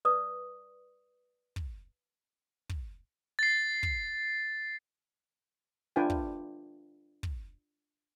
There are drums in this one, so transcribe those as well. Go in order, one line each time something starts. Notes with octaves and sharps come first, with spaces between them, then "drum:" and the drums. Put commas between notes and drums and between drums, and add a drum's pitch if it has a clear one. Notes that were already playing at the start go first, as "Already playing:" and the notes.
B4 D5 D#6
drum: kick
drum: kick
A6 C7
drum: kick
D4 F4 B4 G5 G#5
drum: kick
drum: kick